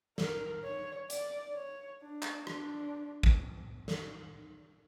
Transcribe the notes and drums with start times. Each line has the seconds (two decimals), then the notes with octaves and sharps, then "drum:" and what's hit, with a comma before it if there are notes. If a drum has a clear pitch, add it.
0.18 A#4, drum: snare
0.64 C#5
1.10 D5, drum: hi-hat
1.55 C#5
2.01 D4
2.22 drum: clap
2.47 D4, drum: rim click
3.23 drum: kick
3.88 drum: snare